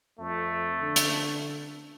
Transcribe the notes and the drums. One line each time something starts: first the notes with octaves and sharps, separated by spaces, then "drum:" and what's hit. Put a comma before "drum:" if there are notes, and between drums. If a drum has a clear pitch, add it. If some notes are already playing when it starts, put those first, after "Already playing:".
F2 A3
D3
drum: hi-hat